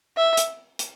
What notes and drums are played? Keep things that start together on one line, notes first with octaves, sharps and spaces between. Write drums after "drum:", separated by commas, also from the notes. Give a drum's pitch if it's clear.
E5
drum: hi-hat
drum: hi-hat